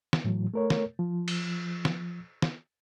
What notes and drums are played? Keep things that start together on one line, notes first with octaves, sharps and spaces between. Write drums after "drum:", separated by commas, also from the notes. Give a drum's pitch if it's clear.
drum: snare
A2 E3 F#3
A3 A#4 C#5
drum: snare
F3
drum: cymbal
drum: snare
drum: snare